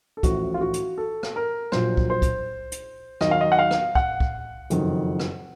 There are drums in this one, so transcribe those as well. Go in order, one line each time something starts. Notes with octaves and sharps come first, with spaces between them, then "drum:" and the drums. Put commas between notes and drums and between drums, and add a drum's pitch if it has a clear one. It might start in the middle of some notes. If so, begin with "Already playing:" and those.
A4
A1 A2 F3 F#4, drum: kick, hi-hat
F4
F#4
drum: hi-hat
A4
drum: rim click
A#4
A#1 A#2 F#3 C5, drum: rim click
drum: kick
C5
drum: kick, hi-hat
drum: hi-hat
D#2 D#3 F#3 D#5, drum: rim click
F5
D#5
F#5
F5
drum: rim click
F#5, drum: kick
drum: kick
F#1 F2 D#3 F#3, drum: hi-hat
drum: rim click